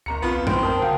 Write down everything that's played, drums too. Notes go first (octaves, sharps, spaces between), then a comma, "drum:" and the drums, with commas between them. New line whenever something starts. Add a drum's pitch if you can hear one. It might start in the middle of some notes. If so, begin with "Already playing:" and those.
F#1 D2 A#5 C#7
B1 F2 B3 F4
A2 C4 D7, drum: tom F#2
A#4 C5 A5 D#6
C#3 F#4 F5 G5 C6